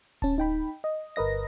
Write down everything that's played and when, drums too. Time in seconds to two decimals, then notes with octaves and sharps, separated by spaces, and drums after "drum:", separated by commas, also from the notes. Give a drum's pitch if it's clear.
0.22 C#4 A5, drum: kick D1
0.38 D#4 G5 B5
0.84 D#5
1.16 G1 A#4 B4 D#5 A#6